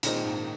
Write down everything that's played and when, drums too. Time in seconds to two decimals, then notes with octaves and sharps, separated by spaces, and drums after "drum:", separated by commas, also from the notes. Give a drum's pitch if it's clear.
0.03 A#2 D#3 G#3 C4 D#4, drum: hi-hat
0.24 G#2